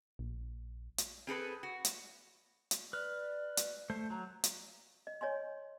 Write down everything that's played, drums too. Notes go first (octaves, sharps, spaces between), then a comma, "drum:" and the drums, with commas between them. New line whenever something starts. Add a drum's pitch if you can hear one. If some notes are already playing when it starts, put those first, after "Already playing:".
A#1
drum: hi-hat
C4 G#4 A4 B4
F#4
drum: hi-hat
drum: hi-hat
B4 D5 F6
drum: hi-hat
A3 C5
F#3 A#5
drum: hi-hat
D#5
C#5 D#5 G#5 C6